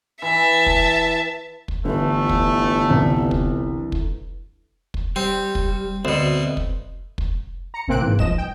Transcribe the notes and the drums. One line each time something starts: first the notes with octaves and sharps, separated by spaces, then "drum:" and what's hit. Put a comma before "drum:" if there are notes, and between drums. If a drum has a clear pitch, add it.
E3 E5 A5
drum: kick
drum: kick
G1 D3 E3 A3
drum: kick
C2
drum: kick
drum: kick
drum: kick
G3 C4
drum: kick
D2 B2 C4
drum: kick
drum: kick
A#5 C#7
A1 C3 A#3 C4 F#6 D7
G#2 E3
C2 F3 D#5 E7, drum: kick
G5